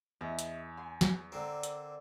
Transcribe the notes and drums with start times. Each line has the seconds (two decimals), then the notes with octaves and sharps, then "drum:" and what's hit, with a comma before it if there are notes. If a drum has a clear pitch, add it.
0.21 E2 D#5 E5
0.39 drum: hi-hat
0.77 G#5 C6
1.01 drum: snare
1.32 D3 C4 A#4 D5
1.63 drum: hi-hat